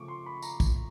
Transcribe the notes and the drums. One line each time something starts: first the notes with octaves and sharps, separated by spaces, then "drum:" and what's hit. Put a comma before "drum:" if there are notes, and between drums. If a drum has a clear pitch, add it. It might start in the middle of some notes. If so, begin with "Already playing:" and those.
Already playing: C#3 F3 A3 C#6 D6
C6
B5
A#5, drum: tambourine
drum: kick, tambourine